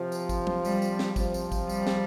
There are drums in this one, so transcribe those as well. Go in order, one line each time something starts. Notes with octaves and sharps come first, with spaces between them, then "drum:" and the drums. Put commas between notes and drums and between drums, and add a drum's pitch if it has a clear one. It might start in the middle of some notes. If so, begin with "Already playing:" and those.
Already playing: C3 F3
drum: tambourine
drum: kick, tambourine
drum: tom
G3, drum: tambourine
drum: tambourine
drum: snare
C3 F3, drum: kick, tambourine
drum: tambourine
drum: kick, tambourine
G3, drum: tambourine
drum: snare